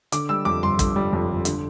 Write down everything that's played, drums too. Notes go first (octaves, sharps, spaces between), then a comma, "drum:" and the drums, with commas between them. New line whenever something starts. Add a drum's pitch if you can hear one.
D3 D6, drum: hi-hat
G3 E6
F2 D6
G1 C6
D3, drum: kick, hi-hat
G3
F2
G1
D3, drum: hi-hat